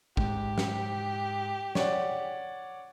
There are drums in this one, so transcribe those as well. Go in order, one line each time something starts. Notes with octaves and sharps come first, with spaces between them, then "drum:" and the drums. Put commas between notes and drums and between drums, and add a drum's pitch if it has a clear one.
G#2 G4, drum: kick G#1
drum: snare
C#5 D5 F#5, drum: snare